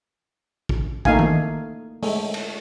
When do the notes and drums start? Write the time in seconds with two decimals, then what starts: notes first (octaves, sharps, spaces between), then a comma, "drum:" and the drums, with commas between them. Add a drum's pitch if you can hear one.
0.69 drum: kick
1.05 A3 A#3 D#4 F5 G#5, drum: kick
1.19 drum: tom D#3
2.03 G#3 A3, drum: open hi-hat
2.34 drum: cymbal